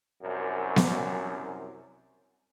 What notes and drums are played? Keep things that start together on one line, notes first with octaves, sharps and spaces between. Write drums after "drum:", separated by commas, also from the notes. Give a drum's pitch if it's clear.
C2 F#2
drum: snare B3